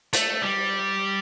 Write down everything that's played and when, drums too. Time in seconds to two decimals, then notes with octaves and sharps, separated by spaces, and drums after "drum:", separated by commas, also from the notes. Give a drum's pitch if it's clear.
0.13 A3, drum: hi-hat
0.42 G3